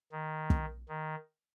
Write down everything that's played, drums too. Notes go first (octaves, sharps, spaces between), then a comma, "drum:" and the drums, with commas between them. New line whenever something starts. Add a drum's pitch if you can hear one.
D#3
drum: kick
D#3